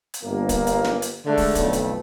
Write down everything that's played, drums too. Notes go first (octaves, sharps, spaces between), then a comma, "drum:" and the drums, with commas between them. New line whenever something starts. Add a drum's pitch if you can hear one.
drum: hi-hat
G1 A#3
drum: kick, hi-hat
drum: hi-hat
drum: snare
drum: hi-hat
D3 G#3 A3 D4
drum: kick, open hi-hat
B1 F2 A3, drum: kick, hi-hat
drum: hi-hat